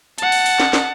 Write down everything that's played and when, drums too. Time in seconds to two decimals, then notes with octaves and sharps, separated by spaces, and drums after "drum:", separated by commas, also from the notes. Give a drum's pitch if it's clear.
0.18 F#5 A5, drum: hi-hat
0.32 drum: open hi-hat
0.46 drum: open hi-hat
0.60 drum: snare
0.73 drum: snare